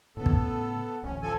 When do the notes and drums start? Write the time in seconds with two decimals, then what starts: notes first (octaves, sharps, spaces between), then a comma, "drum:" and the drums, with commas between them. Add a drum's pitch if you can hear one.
0.17 A2 C#3 B3 A4
0.26 drum: kick
1.03 D1 A1 C#4
1.22 F3 A4 G#5